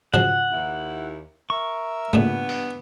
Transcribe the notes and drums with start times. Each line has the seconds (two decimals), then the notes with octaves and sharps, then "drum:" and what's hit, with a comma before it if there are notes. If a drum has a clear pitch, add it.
0.14 C#3 F3 F#3 F#5, drum: tom G#2
0.51 D#2 E4
1.50 A#4 E5 C#6
2.13 G2 A#2 C#3 E3 A3 B3, drum: tom G#2
2.49 drum: open hi-hat